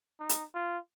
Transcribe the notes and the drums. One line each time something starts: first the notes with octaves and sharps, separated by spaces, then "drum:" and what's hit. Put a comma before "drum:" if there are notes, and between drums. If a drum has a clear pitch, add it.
D#4
drum: hi-hat
F4